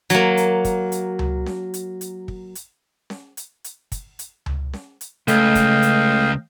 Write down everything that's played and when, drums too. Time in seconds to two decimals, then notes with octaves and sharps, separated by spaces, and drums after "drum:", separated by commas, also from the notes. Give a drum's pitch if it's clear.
0.10 F#3 A#3, drum: hi-hat
0.37 drum: hi-hat
0.65 drum: kick, hi-hat
0.92 drum: hi-hat
1.19 drum: tom C#2
1.46 drum: snare C#4
1.74 drum: hi-hat
2.01 drum: hi-hat
2.28 drum: kick
2.55 drum: hi-hat
3.10 drum: snare C#4
3.37 drum: hi-hat
3.64 drum: hi-hat
3.92 drum: kick, hi-hat
4.19 drum: hi-hat
4.46 drum: tom C#2
4.73 drum: snare C#4
5.01 drum: hi-hat
5.28 C#2 A3 D#5 F5 G5, drum: hi-hat
5.55 drum: kick, hi-hat
5.82 drum: hi-hat